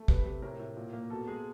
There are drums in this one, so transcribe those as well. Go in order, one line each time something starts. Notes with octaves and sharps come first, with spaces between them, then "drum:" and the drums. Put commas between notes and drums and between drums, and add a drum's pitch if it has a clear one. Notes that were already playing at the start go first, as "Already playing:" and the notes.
Already playing: A3
C3 B4, drum: kick
C3 B4
A2 A#4
A2
A#2
A#3
B2 A4
G#3 G#4